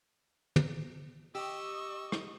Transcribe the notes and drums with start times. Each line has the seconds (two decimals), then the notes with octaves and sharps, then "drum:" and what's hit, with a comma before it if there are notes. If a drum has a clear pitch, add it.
0.56 drum: tom
1.35 G4 D#5 C#6 E6, drum: open hi-hat
2.12 drum: rim click